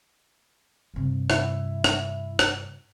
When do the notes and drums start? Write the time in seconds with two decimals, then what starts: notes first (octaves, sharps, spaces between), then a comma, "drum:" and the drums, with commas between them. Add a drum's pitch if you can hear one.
0.94 G2 C3
1.30 E4 E5, drum: rim click
1.84 drum: rim click
2.39 drum: rim click